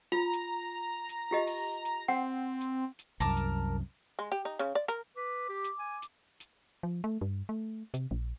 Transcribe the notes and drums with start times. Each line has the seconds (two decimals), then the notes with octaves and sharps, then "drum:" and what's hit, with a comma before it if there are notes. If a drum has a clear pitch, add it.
0.12 F4 A#5
0.33 drum: hi-hat
1.09 drum: hi-hat
1.31 F4 G4 D#5
1.47 drum: open hi-hat
1.85 drum: hi-hat
2.08 C4 F#5
2.61 drum: hi-hat
2.99 drum: hi-hat
3.20 C2 F#2 A#4 A5 D6
3.37 drum: hi-hat
4.19 G#3
4.32 G4
4.45 D#4
4.59 C#3
4.75 D5
4.88 A#4, drum: hi-hat
5.17 B4 D6
5.49 G4
5.64 drum: hi-hat
5.79 G#5
6.02 drum: hi-hat
6.40 drum: hi-hat
6.83 F3
7.04 A3
7.21 G2
7.49 A3
7.94 C3, drum: hi-hat
8.11 A#1